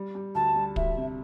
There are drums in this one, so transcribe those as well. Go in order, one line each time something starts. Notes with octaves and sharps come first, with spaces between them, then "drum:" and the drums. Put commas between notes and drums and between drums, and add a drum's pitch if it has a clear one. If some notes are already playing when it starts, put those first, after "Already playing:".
Already playing: G3
G3
D2 A5
G3
D2 E5, drum: kick
C3